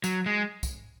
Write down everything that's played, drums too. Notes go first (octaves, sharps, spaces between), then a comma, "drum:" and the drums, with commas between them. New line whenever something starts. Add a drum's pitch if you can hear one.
F#3, drum: tambourine
G#3
drum: kick, tambourine